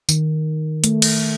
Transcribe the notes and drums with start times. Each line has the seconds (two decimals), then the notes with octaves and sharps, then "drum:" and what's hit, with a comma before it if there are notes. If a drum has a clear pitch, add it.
0.09 D#3, drum: tambourine
0.84 A3, drum: hi-hat
1.02 drum: cymbal